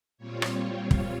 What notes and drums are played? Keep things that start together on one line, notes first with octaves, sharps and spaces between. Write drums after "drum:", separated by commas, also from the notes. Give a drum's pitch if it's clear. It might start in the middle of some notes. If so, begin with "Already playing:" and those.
A#2 G3 C4 F4 C#5
drum: rim click
drum: kick